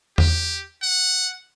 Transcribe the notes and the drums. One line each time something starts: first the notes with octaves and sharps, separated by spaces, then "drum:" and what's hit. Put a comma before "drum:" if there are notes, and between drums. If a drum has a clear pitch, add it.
G4, drum: tom E2
F#5